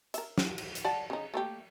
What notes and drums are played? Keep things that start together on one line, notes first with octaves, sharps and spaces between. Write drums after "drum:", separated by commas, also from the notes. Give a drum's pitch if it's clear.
A#4 E5, drum: hi-hat
drum: snare
drum: cymbal
drum: hi-hat
D5 F#5 A5
C#3 D#4
A3 A#3 G4